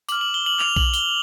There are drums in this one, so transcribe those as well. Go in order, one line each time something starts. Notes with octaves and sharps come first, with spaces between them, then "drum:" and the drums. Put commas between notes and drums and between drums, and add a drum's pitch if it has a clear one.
D6 F6 F#7, drum: tambourine
F#7
G7
F#7
F7, drum: clap
F#7, drum: kick B1
G7, drum: tambourine